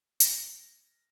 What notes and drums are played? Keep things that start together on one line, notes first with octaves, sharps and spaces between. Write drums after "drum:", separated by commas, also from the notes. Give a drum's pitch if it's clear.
A#6, drum: hi-hat